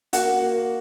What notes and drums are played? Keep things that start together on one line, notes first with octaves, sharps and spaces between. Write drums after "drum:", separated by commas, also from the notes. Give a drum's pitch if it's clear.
A#3 F#4 F#5, drum: hi-hat
A#3